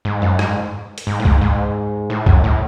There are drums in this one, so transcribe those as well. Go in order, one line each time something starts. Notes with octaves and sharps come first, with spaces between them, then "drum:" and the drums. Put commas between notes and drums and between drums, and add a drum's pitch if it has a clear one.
G#2
F#2
G#2, drum: rim click
drum: hi-hat
G#2
A2
G#2, drum: kick C2
G#2
A2
F#2, drum: kick C2
A2